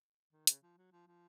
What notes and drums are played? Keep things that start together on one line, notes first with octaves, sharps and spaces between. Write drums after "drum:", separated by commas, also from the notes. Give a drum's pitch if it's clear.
D#3
C#3, drum: hi-hat
F3
F#3
F3
F3